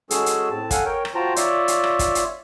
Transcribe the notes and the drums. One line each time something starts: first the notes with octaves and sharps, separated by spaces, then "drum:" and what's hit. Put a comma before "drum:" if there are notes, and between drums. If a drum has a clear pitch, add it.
G#3 C#4 F#4 G#4 A4 E6, drum: hi-hat
drum: hi-hat
A2 C4 A5
A4 F5 F#5 G#5, drum: kick, hi-hat
A#4 C#5 G5
drum: rim click
F4 F#4 C5 G5 A5 A#5
F4 C#5 D5 E5, drum: hi-hat
drum: hi-hat
drum: rim click
drum: kick, hi-hat
drum: hi-hat